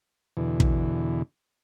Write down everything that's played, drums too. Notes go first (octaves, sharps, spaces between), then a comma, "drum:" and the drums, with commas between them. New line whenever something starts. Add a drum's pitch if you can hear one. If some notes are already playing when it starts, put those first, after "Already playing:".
E2 B2 D3 E3
drum: kick